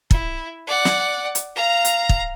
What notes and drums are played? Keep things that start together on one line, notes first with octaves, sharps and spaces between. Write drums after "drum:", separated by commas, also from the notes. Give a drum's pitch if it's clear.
E4, drum: kick
D5 F#5
drum: snare
drum: hi-hat
F5 A#5
drum: hi-hat
drum: kick